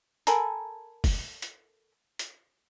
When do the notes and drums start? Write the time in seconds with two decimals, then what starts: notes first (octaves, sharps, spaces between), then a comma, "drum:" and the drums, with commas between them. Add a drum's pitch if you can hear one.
0.27 A4 A#4 G#5 B5, drum: hi-hat
1.04 drum: kick, open hi-hat
1.42 drum: hi-hat
2.19 drum: hi-hat